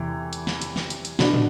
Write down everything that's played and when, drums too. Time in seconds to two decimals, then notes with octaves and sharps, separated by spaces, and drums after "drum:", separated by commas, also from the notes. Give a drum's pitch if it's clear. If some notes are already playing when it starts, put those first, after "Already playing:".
Already playing: E2 C3 E3
0.33 drum: hi-hat
0.47 drum: snare
0.62 drum: hi-hat
0.76 drum: snare
0.90 drum: hi-hat
1.05 drum: hi-hat
1.19 B2 B3 D4, drum: snare
1.34 drum: tom